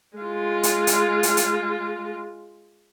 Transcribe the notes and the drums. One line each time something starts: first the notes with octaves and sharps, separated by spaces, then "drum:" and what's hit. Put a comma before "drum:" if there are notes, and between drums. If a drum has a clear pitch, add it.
G#3 F4
drum: hi-hat
drum: hi-hat
drum: hi-hat
drum: hi-hat